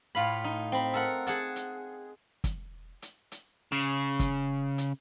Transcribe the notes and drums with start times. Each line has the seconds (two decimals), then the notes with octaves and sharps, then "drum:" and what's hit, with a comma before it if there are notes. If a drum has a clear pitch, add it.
0.15 A2 F4 F5 B5
0.44 D#4
0.72 C4 B5
0.94 A4 A#4 F#5
1.27 G#4 F#5 A5, drum: hi-hat
1.56 drum: hi-hat
2.44 drum: kick, hi-hat
3.02 drum: hi-hat
3.32 drum: hi-hat
3.72 C#3
4.20 drum: kick, hi-hat
4.78 drum: hi-hat